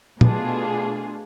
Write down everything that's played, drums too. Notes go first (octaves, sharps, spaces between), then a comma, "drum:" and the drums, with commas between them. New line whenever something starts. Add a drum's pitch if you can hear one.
B2 A3 D4 F4 G#4, drum: tom